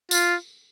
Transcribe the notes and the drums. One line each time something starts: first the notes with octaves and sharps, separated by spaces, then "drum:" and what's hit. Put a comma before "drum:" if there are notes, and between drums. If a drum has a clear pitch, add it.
F4, drum: tambourine